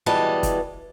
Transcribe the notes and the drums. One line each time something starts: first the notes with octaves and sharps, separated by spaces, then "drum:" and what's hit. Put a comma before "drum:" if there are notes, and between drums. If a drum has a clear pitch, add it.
B2 E3 G3 G#3 D#5 A5
drum: kick, hi-hat